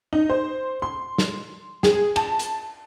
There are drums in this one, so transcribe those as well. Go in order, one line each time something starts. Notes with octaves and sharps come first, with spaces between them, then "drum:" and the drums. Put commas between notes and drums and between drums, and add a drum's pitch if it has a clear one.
D#4
C5
C6
drum: snare
G#4, drum: snare
A5, drum: cymbal
drum: hi-hat